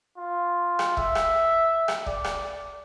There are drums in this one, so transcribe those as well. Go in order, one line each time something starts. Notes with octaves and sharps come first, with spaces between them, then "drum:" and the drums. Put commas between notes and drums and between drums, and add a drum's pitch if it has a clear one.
F4
drum: rim click
E5, drum: kick
drum: rim click
drum: rim click
D5, drum: kick
drum: rim click